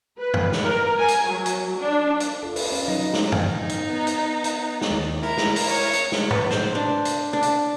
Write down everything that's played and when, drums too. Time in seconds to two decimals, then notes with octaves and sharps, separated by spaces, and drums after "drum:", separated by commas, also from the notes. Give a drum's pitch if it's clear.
0.18 B4
0.34 drum: tom F#2
0.52 drum: snare
0.63 A#4
0.98 G#5
1.08 drum: hi-hat
1.28 F#3
1.46 drum: hi-hat
1.77 D4
2.20 drum: hi-hat
2.43 F4 A4
2.56 B4, drum: open hi-hat
2.72 C#4 F5
2.88 F#3 D#4
3.13 drum: snare
3.32 drum: tom F#2
3.43 D#4
3.69 drum: hi-hat
3.90 B3
4.07 drum: hi-hat
4.44 drum: hi-hat
4.81 drum: snare
4.91 D#2
5.23 E4 A#4 A#5
5.37 drum: snare
5.56 drum: open hi-hat
5.68 C#5
5.93 drum: hi-hat
6.12 drum: snare
6.31 B4, drum: tom
6.51 C5, drum: snare
6.75 D4
7.05 drum: hi-hat
7.33 D4
7.42 drum: hi-hat